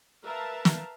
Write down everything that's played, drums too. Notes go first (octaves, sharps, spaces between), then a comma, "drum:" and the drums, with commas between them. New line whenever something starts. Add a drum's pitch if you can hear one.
A#4 B4 E5 F5 A5 A#5
drum: snare